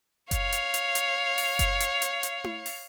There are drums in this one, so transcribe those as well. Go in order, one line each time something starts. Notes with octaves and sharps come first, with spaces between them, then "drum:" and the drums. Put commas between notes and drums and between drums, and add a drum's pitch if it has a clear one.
C#5 F5, drum: kick F#1, hi-hat
drum: hi-hat
drum: hi-hat
drum: hi-hat
drum: open hi-hat
drum: kick F#1, hi-hat
drum: hi-hat
drum: hi-hat
drum: hi-hat
drum: tom E4
drum: open hi-hat